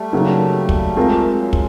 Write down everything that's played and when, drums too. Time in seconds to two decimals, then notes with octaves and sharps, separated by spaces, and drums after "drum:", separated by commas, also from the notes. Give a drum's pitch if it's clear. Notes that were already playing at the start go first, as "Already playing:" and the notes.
Already playing: G3 A3
0.13 C#3 F#3 A#3 D#4
0.69 drum: kick
0.96 G#3 C4 F4 A#4
1.39 F#3 G#3
1.53 drum: kick